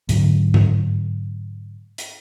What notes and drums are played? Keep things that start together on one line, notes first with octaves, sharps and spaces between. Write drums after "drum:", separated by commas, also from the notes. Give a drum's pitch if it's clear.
G#2 D3 F#3, drum: hi-hat
drum: tom G2
drum: hi-hat